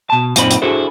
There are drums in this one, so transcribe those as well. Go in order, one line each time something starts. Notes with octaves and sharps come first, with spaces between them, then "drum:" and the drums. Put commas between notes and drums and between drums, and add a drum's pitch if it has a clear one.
B2 A5
F#2 A#2 C4 D#4 G#4 B5, drum: hi-hat
drum: hi-hat
D4 E4 F#4 G#4 A4 C5